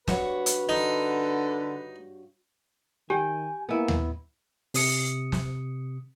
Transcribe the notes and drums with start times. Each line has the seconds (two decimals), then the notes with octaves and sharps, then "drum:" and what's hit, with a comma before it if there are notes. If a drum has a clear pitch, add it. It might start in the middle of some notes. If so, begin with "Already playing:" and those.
0.08 G2 F#4 B4 C#5, drum: snare
0.46 drum: hi-hat
0.69 D3 D#4
3.10 D#3 G4 G5 G#5
3.69 A#3 B3 E4
3.88 drum: tom D#2
4.74 C3 D#6 C#7, drum: open hi-hat
5.32 drum: snare